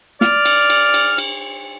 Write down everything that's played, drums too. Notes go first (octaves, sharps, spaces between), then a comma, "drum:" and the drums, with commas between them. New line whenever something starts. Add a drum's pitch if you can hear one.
D5 F6, drum: snare
drum: cymbal
drum: cymbal
drum: cymbal
drum: cymbal